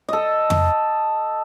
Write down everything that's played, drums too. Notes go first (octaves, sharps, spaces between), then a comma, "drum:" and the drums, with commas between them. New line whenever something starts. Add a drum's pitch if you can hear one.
A4 D#5
drum: tom F2